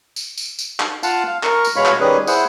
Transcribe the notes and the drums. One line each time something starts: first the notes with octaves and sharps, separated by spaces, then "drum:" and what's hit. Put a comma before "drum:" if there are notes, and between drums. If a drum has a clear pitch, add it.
drum: tambourine
drum: tambourine
drum: tambourine
drum: clap
F4 F5 F#5 A5, drum: tambourine
F5
A#4 C#6, drum: clap
drum: tambourine
B2 G#3 C#5 F5 B5 C#6
drum: clap
D#3 G3 C#4 G#4 B4
E4 G#4 C5 F#5, drum: tambourine